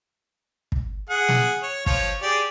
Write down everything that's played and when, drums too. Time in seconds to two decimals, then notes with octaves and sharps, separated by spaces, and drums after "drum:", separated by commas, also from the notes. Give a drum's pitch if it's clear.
0.72 drum: kick
1.10 G#4 F#5
1.28 drum: snare
1.63 C#5
1.86 F3 F4 C#5, drum: kick
2.23 G4 G#4 D5